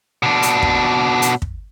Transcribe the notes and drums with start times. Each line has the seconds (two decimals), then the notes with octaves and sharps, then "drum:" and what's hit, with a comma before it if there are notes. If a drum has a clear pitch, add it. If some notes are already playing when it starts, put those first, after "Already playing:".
0.23 B2 D4
0.43 drum: hi-hat
0.62 drum: kick
1.22 drum: hi-hat
1.42 drum: kick